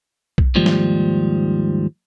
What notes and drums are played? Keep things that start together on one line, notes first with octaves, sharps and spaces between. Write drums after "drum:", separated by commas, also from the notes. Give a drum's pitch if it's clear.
drum: kick
D#2 G#2 F3 G3
drum: snare